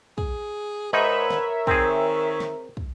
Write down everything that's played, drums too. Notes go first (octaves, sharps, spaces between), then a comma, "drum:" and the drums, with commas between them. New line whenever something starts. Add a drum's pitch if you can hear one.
G#4, drum: kick
G#2 D#4 A#4 B4 C#5 E5
drum: snare
D#3 C4 G#4, drum: kick
drum: snare
drum: kick